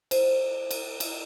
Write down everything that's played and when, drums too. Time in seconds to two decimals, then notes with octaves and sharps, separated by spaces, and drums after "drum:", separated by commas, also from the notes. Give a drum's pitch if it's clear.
0.11 C5, drum: cymbal
0.71 drum: cymbal
1.00 drum: cymbal